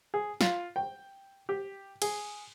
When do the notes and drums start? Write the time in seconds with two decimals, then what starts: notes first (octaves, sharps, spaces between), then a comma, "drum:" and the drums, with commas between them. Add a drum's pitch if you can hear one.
0.14 G#4
0.41 F4, drum: snare
0.76 G5
1.49 G4
2.02 G#4, drum: cymbal